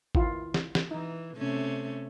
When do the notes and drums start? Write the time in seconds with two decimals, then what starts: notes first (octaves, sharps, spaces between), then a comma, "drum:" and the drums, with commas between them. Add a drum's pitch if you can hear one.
0.15 D#3 E4 F4, drum: kick G#1
0.54 drum: snare
0.75 drum: snare
0.91 E3 D#4
1.37 C3 A3 C#4